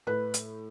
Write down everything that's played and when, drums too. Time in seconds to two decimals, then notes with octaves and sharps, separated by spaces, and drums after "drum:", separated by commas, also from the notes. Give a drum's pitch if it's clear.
0.07 A2 B4
0.34 drum: hi-hat